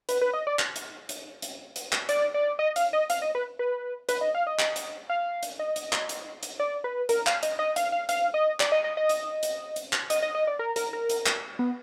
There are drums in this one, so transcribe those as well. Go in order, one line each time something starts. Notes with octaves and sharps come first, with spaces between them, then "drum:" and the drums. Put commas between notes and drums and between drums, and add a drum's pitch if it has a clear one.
B4, drum: hi-hat
B4
D#5
D5
drum: clap
drum: hi-hat
drum: hi-hat
drum: hi-hat
drum: hi-hat
drum: clap
D5, drum: hi-hat
D5
D#5
F5, drum: hi-hat
D#5
F5, drum: hi-hat
D#5
B4
B4
B4, drum: hi-hat
D#5
F5
D#5
drum: clap
drum: hi-hat
F5
drum: hi-hat
D#5
drum: hi-hat
drum: clap
drum: hi-hat
drum: hi-hat
D5
B4
A#4, drum: hi-hat
F5, drum: clap
D#5, drum: hi-hat
D#5
F5, drum: hi-hat
F5
F5, drum: hi-hat
D#5
D5, drum: clap
D#5
D#5
D#5
drum: hi-hat
drum: hi-hat
drum: hi-hat
drum: clap
D#5, drum: hi-hat
D#5
D#5
D5
A#4
A#4, drum: hi-hat
A#4
drum: hi-hat
drum: clap
B3